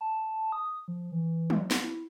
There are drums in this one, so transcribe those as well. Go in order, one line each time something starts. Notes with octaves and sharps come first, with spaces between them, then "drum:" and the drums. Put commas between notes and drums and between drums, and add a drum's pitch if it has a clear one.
A5
D#6
F3
E3
drum: tom
drum: snare
E4